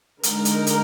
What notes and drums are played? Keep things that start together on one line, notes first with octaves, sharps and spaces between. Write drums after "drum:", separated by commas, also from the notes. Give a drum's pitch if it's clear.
D3 G#3 D#4 A#4, drum: hi-hat
drum: hi-hat
drum: hi-hat